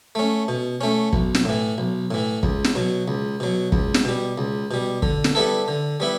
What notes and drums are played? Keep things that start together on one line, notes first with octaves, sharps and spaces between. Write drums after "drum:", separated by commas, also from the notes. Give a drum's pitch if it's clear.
A3 C#4
B2
A3 C#4
B1, drum: kick
drum: snare
A2 E3
B1
A2 E3
C#2, drum: kick
drum: snare
B2 F#3
C#2
B2 F#3
C#2, drum: kick
drum: snare
B2 G3
C#2
B2 G3
D3, drum: kick
drum: snare
G3 B3 E4 A4
D3
G3 B3 E4